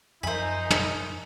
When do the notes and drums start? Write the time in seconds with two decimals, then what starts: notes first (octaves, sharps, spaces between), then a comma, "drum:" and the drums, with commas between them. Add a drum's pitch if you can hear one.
0.23 F#2 F3 D#4 A#4 C5 E5 G#5 B5
0.71 drum: tom